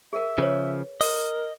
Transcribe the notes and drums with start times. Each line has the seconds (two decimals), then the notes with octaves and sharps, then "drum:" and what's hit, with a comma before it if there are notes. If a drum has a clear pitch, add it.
0.13 G#4 A#4 E5
0.38 C#3 F3 G#4 B4 C#5
1.01 A#4 D#5, drum: open hi-hat